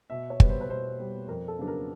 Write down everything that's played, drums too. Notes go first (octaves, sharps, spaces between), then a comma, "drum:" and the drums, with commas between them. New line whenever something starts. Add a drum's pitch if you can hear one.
B2 E5
C#5
G3 B3, drum: kick
C5
B4
B2 C5
G3 B3
F2 A#4
A4
C#3 F#3 B3 D4
A#4